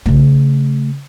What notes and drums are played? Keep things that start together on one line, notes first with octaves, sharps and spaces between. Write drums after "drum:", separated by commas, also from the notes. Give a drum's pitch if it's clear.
C#3 A3, drum: tom A#1